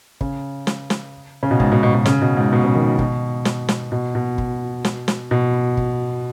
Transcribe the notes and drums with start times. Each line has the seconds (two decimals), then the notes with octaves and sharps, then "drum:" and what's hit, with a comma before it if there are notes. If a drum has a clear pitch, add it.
0.21 C#3, drum: kick
0.67 drum: snare
0.90 drum: snare
1.43 C#3
1.51 B2
1.60 G#2, drum: kick
1.72 B2
1.83 B2
1.94 B2
2.06 C#3, drum: snare
2.22 B2
2.37 G#2
2.53 B2
2.65 C#3
2.75 D#3
2.99 B2, drum: kick
3.45 drum: snare
3.69 drum: snare
3.92 B2
4.15 B2
4.38 drum: kick
4.85 drum: snare
5.08 drum: snare
5.31 B2
5.77 drum: kick